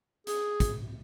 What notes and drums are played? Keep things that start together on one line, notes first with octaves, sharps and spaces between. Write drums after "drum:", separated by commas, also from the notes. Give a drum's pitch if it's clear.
G#4, drum: hi-hat
drum: kick, hi-hat